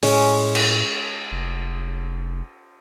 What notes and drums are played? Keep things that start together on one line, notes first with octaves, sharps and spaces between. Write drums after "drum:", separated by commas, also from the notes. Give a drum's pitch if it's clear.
A2 G#3 C#4, drum: open hi-hat
drum: cymbal
F1